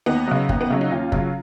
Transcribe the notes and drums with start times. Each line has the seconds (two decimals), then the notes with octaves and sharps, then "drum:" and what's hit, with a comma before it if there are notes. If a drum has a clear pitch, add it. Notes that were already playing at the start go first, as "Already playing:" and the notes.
0.06 D#2 B3 D#4
0.28 C#3 F#3
0.49 D#2, drum: kick
0.61 B3
0.70 C#3 F#3 C#4
0.81 D#4
0.91 D#2 C#4 F4
1.12 C#3 F#3, drum: kick